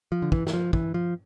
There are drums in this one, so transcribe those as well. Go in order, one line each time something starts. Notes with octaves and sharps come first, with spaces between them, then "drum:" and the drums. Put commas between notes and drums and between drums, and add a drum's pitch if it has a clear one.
F3
D3
E3, drum: kick
E3, drum: snare
F3
E3, drum: kick
F3